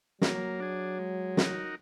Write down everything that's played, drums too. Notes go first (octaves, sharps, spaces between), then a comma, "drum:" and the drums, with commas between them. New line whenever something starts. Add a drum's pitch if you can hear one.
F#3 A#3, drum: snare
D4 G#4
G#3
D#4 F#4 A#4, drum: snare